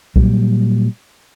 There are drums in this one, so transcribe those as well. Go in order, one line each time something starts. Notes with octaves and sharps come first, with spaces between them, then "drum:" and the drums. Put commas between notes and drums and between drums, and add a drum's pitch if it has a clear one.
A#2 F#3 G3, drum: kick